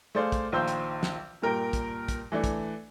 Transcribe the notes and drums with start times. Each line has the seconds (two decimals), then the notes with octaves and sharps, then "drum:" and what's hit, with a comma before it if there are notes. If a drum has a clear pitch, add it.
0.15 A3 G#4 C5 D5 F5
0.32 drum: kick, hi-hat
0.52 A#1 D#3 C5 F5 E6 G6
0.68 drum: hi-hat
1.03 drum: snare
1.42 G2 A#2 A#4 G5
1.73 drum: kick, hi-hat
2.08 drum: kick, hi-hat
2.32 E3 A3 D4
2.44 drum: kick, hi-hat